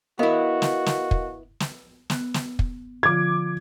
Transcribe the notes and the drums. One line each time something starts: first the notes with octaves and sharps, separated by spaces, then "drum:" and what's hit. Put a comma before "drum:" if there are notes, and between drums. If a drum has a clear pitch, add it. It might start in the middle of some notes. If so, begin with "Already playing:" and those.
B3 E4 F#4 A#4 D#5 F5
drum: snare
drum: snare
drum: kick
drum: snare
B3 F#6, drum: snare
drum: snare
drum: kick
D3 F3 F4 D6 G#6